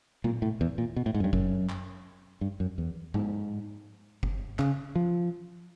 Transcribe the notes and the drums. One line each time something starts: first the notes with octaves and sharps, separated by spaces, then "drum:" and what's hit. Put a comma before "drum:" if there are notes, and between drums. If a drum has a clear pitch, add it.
A#2, drum: tom A#2
A2
E2
A#2
B2
A2
G#2
F#2
G2
F#2, drum: kick F#1
drum: clap
G2
F#2
E2
G#2, drum: tom G#2
drum: kick F#1
C#3, drum: clap
F3